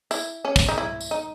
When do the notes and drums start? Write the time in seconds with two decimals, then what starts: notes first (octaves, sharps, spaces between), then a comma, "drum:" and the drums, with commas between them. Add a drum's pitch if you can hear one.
0.11 E4, drum: tambourine
0.45 C#4
0.56 drum: kick, tambourine
0.69 D#4
0.78 E4
1.01 drum: tambourine
1.11 D#4